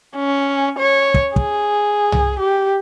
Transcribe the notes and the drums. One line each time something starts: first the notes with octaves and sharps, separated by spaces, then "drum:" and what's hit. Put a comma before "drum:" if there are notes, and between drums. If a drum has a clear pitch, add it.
C#4
C#5
drum: kick
G#4, drum: kick
drum: tom C2
G4